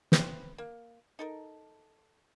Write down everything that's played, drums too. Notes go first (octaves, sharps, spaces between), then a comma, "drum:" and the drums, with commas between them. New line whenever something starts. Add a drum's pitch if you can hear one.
C4 B4, drum: snare
A#3
D#4 A4 A#4